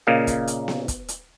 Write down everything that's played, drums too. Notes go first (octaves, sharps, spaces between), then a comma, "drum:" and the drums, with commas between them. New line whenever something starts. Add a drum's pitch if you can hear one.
A#2 C#3 A#3 D#5 F5
drum: kick, hi-hat
drum: hi-hat
drum: snare B3
drum: kick, hi-hat
drum: hi-hat